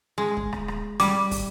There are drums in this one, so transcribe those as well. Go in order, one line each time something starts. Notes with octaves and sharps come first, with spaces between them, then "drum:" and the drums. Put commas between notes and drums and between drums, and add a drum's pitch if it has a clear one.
G#3
drum: kick
drum: rim click
drum: rim click
G3 D6, drum: hi-hat
drum: kick, open hi-hat